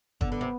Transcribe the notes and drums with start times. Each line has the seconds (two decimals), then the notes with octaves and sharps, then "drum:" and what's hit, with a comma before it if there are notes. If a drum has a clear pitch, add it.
0.21 D3 B3, drum: kick
0.32 D3
0.41 C3